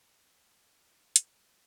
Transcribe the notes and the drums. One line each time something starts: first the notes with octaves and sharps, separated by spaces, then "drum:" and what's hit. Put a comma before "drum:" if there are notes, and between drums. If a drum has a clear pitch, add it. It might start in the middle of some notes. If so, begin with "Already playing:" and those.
Already playing: G3 A#5 C6
G#5 A#5
A#2
G5 A5
G3 E5 F#5
A#2
F3 D#5 F5, drum: hi-hat
E5 F#5
A#2